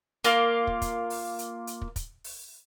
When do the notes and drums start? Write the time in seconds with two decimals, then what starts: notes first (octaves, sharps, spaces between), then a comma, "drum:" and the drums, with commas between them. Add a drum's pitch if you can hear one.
0.24 A#3 F4, drum: hi-hat
0.67 drum: kick
0.82 drum: kick, hi-hat
1.10 drum: open hi-hat
1.39 drum: hi-hat
1.67 drum: hi-hat
1.81 drum: kick
1.96 drum: kick, hi-hat
2.24 drum: open hi-hat